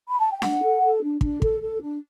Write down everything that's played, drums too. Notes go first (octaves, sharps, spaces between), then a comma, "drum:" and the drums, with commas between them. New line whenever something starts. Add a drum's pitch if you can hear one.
B5
A5
G5
D4 F#5, drum: snare D4
A4
A4
D4
D4, drum: kick
A4, drum: kick
A4
D4